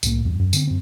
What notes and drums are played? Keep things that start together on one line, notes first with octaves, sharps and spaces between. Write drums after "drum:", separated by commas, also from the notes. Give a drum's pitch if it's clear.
C2 A2 A#3, drum: tambourine
E2 G2
F#2
D3 C4, drum: tambourine
F#2 C4